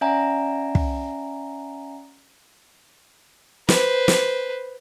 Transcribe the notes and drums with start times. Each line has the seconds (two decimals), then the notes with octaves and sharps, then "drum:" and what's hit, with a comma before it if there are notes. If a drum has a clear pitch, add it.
0.01 C#4 D5 E5 F#5 G#5 A#5
0.75 drum: kick
3.69 B4 C5, drum: snare
4.08 drum: snare